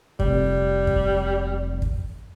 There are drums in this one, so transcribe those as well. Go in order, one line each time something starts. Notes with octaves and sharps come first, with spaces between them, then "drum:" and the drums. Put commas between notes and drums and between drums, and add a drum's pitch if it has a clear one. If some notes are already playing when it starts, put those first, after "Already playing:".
F1 G3, drum: kick
drum: kick
drum: kick